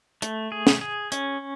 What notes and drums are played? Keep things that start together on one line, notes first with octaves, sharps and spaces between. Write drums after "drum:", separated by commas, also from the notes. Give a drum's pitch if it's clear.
A3, drum: hi-hat
G#4
drum: snare
G#4
C#4, drum: hi-hat